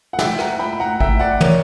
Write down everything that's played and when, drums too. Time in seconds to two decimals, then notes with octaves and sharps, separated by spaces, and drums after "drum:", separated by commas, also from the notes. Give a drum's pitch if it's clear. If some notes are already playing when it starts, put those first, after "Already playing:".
0.13 F#5
0.19 E5 G5, drum: snare
0.39 F#5 A#5, drum: rim click
0.59 G5 B5
0.72 B5
0.80 F#5 A#5
1.00 E5 G5, drum: kick A1
1.19 D5 F#5
1.41 A#4 C#5, drum: tom